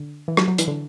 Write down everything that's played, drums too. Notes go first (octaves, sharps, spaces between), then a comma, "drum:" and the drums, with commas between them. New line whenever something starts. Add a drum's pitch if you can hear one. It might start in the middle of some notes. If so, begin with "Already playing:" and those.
Already playing: D3
E3
F#3, drum: rim click
F#3
E3, drum: hi-hat
D3